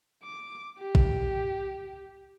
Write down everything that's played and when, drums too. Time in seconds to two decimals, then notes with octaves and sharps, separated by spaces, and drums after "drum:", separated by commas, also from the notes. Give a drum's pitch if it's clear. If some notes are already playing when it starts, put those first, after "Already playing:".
0.23 D6
0.79 G4
0.95 drum: kick